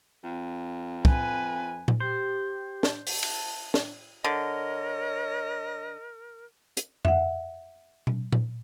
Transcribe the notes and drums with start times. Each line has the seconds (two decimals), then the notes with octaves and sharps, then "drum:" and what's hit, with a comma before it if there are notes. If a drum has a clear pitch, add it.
0.24 F2
1.05 B4 G#5, drum: kick
1.88 drum: tom A#2
2.00 G4 C5
2.83 drum: snare
3.07 A5, drum: open hi-hat
3.23 drum: cymbal
3.74 drum: snare
4.24 D3 A#4 C#5 D#5
6.77 drum: hi-hat
7.05 E5 F#5, drum: tom F2
8.07 drum: tom B2
8.32 drum: tom A#2